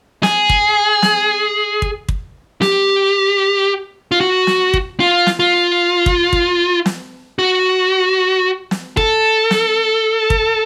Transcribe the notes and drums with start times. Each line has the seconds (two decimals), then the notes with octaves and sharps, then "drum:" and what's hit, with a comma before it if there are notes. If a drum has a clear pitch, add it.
0.23 G#4, drum: snare
0.49 drum: kick
1.02 drum: snare
1.82 drum: kick
2.09 drum: kick
2.62 G4, drum: snare
4.12 F4
4.21 F#4
4.47 drum: snare
4.74 drum: kick
5.00 F4
5.27 drum: snare
5.39 F4
6.06 drum: kick
6.33 drum: kick
6.86 drum: snare
7.39 F#4
8.71 drum: snare
8.97 A4, drum: kick
9.51 drum: snare
10.30 drum: kick